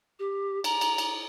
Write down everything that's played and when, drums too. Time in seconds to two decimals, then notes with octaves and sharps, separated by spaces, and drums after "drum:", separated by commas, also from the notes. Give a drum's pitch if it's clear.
0.19 G4
0.64 A#5, drum: cymbal
0.81 drum: cymbal
0.98 drum: cymbal